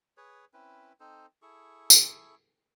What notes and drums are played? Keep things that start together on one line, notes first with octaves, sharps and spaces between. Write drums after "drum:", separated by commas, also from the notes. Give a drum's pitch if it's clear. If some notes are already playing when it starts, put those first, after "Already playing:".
G#4 B4 C#5
C4 C#4 E4 B4
C4 D#4 A4 C5
E4 G#4 A4 C#6
drum: tambourine